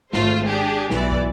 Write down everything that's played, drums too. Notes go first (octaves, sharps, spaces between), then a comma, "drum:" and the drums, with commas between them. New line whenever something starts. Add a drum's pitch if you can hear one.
G#1 A3 F4 C5, drum: snare
D4 G4 G#4
B1 E3 D5, drum: snare
drum: kick